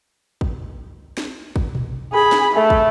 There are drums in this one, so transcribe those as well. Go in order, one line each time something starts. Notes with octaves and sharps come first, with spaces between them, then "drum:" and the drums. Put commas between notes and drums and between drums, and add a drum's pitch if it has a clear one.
drum: kick
drum: snare
drum: kick
drum: tom A#2
G#4 B5
drum: snare
A3
drum: kick